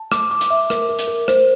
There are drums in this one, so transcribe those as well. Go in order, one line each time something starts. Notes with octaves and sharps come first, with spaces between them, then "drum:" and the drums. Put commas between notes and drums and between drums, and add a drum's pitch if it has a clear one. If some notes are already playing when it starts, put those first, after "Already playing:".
Already playing: A5
D6, drum: rim click
D6
drum: hi-hat
E5
A#4, drum: rim click
A#4
drum: hi-hat
A#4
C5, drum: rim click